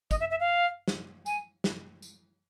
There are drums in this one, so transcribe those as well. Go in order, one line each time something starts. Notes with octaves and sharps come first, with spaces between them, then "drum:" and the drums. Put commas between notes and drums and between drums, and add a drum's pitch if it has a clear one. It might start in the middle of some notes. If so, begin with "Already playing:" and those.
D#5, drum: kick, tambourine
E5
E5
F5
drum: snare
G#5, drum: tambourine
drum: snare
drum: tambourine